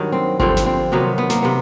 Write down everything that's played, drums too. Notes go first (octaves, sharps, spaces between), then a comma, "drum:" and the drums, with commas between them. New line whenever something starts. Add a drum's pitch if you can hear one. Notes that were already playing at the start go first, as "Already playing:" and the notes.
Already playing: G2 D#3 F#3
C4
G2 D3 F3 C4, drum: kick G#1
drum: snare
C4
C3 D#3 F#3 B3
B3
A#3, drum: snare
C3 B3